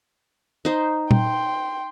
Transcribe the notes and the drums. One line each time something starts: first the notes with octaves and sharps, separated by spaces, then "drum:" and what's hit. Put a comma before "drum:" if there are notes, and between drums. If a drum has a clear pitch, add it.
D#4 C5
G5 C6, drum: tom A#2